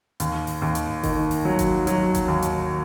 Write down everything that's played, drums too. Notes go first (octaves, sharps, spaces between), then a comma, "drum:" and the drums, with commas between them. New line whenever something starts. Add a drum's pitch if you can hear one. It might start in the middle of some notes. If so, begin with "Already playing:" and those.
D#2, drum: hi-hat
drum: open hi-hat
D#2
drum: hi-hat
D#3, drum: kick G1, open hi-hat
drum: open hi-hat
F#3
drum: kick G1, hi-hat
F#3, drum: hi-hat
drum: kick G1, hi-hat
D#2
drum: hi-hat